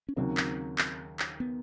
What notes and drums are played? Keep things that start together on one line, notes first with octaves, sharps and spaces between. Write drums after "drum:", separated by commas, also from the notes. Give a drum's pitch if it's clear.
C#4
D#2 C#3 F#3 A#3 C4
drum: clap
drum: clap
drum: clap
B3